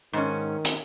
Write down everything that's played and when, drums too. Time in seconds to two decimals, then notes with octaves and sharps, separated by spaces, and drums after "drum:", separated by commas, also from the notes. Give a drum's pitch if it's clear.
0.13 G#2 D#3 C#4
0.65 drum: hi-hat